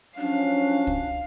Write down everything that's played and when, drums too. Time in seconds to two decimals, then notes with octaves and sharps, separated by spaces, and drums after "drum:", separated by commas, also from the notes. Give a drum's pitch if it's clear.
0.18 F3 F#3 C#4 D4 F5
0.87 drum: kick